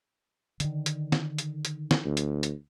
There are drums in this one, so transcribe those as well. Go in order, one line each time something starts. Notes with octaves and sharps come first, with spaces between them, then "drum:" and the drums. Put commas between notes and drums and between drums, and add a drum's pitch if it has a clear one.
D3 D#3, drum: hi-hat
drum: hi-hat
drum: snare
drum: hi-hat
drum: hi-hat
drum: snare
D2
drum: hi-hat
drum: hi-hat